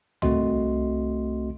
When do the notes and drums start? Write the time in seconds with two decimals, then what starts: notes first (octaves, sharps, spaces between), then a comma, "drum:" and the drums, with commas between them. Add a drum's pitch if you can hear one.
0.22 C2 A3 C4 F#4 D#5 C6, drum: tom